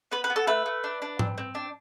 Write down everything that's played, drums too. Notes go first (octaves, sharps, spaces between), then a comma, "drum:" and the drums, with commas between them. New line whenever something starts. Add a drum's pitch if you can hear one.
B3 B4
B4
B3
A4
A3 B4
A3
D4
D4
C4, drum: tom G#2
C4
D4